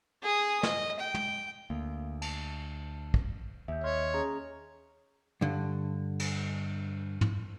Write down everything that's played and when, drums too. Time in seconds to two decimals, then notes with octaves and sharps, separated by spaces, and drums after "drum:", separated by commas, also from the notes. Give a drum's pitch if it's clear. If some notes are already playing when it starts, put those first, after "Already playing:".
0.22 G#4 D#6
0.63 D#5, drum: snare
1.00 G5
1.14 drum: tom
1.70 D2 A#3
2.22 A5, drum: cymbal
3.14 drum: kick
3.68 D#2 E5 G6
3.84 C#5 D#5 C6 F6
4.14 C#4 G#4 A#5
5.41 G2 D3
6.20 drum: cymbal
7.21 drum: tom